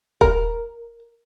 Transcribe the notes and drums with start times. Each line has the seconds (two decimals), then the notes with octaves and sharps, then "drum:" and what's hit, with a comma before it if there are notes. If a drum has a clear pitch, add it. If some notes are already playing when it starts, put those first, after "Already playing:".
0.21 A#4, drum: kick D#1